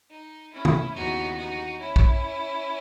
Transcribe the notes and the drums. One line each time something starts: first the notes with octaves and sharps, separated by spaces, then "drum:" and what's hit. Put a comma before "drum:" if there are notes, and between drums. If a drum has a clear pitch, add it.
D#4
C#4 E4
drum: tom
D#2 C#3 E3 B3 D#4 F#4
D#4 F#4
C#4 E4
drum: kick